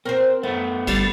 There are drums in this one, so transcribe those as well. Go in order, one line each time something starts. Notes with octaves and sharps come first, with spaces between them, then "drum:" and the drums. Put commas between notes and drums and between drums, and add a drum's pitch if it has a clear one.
C4 A#4 C5
F#2 A3 B3
G1 G3 A6, drum: cymbal